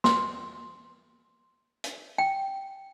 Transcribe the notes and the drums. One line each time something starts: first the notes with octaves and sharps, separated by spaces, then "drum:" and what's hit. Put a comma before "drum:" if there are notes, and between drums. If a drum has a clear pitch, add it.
C6, drum: snare
drum: hi-hat
G5